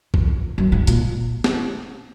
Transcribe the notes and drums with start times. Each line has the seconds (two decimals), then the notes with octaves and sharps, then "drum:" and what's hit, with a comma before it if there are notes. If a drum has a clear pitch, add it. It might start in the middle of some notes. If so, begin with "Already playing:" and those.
0.14 F2, drum: kick A#1
0.58 F#2
0.72 G#2
0.87 A#2, drum: hi-hat
1.44 drum: snare